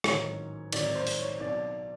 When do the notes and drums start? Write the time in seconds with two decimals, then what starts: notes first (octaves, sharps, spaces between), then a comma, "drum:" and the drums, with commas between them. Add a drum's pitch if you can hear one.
0.04 A1 G#2 D#3 F#3 C#5, drum: rim click
0.72 A1 G#2 D#3 F#3 D5, drum: cymbal
0.95 C5
1.07 drum: open hi-hat
1.17 C#5
1.40 B1 B2 F#3 D5